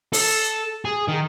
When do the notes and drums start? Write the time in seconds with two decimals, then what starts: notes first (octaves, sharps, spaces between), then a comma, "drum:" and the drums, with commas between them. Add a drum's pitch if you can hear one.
0.13 A4, drum: open hi-hat
0.85 G#4
1.08 D#3